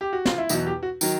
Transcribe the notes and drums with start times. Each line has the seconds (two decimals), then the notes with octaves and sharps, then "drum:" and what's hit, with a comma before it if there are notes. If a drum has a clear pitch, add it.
0.01 G4
0.13 F#4
0.25 F4, drum: snare
0.38 E4
0.49 E2 B2 F#3 D#4, drum: tambourine
0.67 G4
0.83 F#4
1.01 D#3 F#3, drum: tambourine